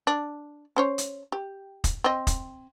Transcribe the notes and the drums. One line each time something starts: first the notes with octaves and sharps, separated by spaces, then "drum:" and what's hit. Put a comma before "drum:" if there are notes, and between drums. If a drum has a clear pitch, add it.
D4
C#4 C5 C#5
drum: hi-hat
G4
drum: kick, hi-hat
C4 D#5
drum: kick, hi-hat